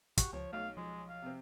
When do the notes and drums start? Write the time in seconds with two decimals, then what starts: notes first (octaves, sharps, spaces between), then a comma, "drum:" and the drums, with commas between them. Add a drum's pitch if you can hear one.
0.17 F#4 G4, drum: kick, hi-hat
0.33 C#2 F3 C#5
0.53 B1 A3 C#5 F5
0.77 F3 G#3
1.09 F5
1.22 C3 C4